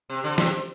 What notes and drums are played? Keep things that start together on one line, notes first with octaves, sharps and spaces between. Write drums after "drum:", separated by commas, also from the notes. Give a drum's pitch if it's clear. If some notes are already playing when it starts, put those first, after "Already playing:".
C3
D3
C3, drum: snare